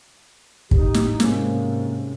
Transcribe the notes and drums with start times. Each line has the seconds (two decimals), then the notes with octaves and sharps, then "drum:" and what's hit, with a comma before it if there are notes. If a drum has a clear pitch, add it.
0.71 A2 D#4 G4, drum: kick
0.94 drum: snare
1.20 G#2 C3 G#3 A#3 C#4, drum: snare